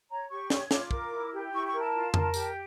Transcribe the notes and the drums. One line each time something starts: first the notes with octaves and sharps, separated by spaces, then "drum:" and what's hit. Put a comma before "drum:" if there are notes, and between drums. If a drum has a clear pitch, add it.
C#5 A#5
G4 C#6
C#5, drum: snare
F4 D6, drum: snare
A#4, drum: kick
E4
G4
E4 C#6
C#6
A#4
A5
F4
A#4, drum: tom
G4, drum: tambourine